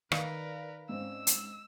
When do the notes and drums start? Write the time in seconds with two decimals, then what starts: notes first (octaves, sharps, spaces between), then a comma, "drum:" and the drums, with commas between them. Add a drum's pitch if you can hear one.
0.12 D#3 A#4 B4 D5 F5, drum: rim click
0.89 G#2 C4 C#4 E6
1.27 drum: hi-hat